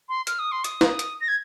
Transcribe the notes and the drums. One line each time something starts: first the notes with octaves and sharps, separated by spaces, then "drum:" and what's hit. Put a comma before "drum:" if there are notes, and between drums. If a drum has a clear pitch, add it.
C6
F6, drum: hi-hat
D#6
C6
D#6, drum: hi-hat
drum: snare
drum: hi-hat
A#6
G#6